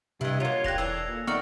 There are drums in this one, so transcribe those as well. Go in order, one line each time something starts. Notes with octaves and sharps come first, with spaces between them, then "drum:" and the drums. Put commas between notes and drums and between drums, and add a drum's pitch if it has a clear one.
G2 C3 E4 D#5
F#3 A#3 F4 C#5
D4 G4 F#6 A#6 F7, drum: kick E1
E3 D4 A4 E6 C7
A#2
D#3 A3 B3 D#4 D5 C#6 F6 C#7